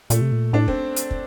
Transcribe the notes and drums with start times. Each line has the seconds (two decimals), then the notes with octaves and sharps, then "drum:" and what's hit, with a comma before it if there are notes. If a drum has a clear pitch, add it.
0.10 A#2 A3, drum: hi-hat
0.21 C3
0.32 A#2
0.53 A2 D4
0.68 C4, drum: kick
0.96 drum: hi-hat
1.11 drum: kick